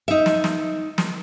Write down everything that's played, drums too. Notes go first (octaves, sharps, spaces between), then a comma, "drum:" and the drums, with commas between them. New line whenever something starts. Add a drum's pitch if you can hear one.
D#4 E5
drum: snare
drum: snare
drum: snare